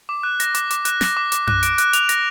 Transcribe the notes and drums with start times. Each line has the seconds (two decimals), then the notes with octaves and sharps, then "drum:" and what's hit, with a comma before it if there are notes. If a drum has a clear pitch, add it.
0.09 D6
0.23 F#6
0.40 A#6, drum: hi-hat
0.55 D6, drum: hi-hat
0.71 D6, drum: hi-hat
0.85 F#6, drum: hi-hat
1.01 A#6, drum: snare
1.17 D6
1.32 D6, drum: hi-hat
1.47 F#6, drum: tom F#2
1.63 D7, drum: hi-hat
1.78 F#6, drum: hi-hat
1.93 F7, drum: hi-hat
2.09 A#6, drum: hi-hat